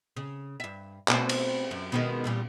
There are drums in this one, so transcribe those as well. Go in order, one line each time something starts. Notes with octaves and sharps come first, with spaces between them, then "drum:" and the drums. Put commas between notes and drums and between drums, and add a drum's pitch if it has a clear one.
C#3
G2 E5
B2 A3 C4, drum: clap
drum: cymbal
F#2
B2 D#3 G#3
E2 A#2 G3